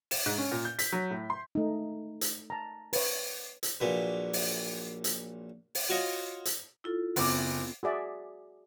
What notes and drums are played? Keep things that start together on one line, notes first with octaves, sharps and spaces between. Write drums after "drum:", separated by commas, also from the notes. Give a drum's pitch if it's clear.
E7, drum: open hi-hat
G#2
C#4
A#2
G6
B6, drum: hi-hat
F#3
A2
C6
A3 D#4
drum: hi-hat
A5 A#5
B4 C#5, drum: open hi-hat
drum: hi-hat
A#1 A#2 F#3 B4
drum: open hi-hat
drum: hi-hat
drum: open hi-hat
F4 F#4 C#5 D#5 F5
drum: hi-hat
E4 F4 A4
F#1 B3 C4 D6, drum: open hi-hat
F#4 G#4 D5 E5